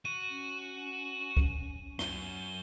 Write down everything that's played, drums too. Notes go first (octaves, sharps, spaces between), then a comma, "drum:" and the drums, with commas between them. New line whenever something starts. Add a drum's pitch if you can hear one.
F#4 D#7
C#4
drum: kick C#2
F#2 G7, drum: rim click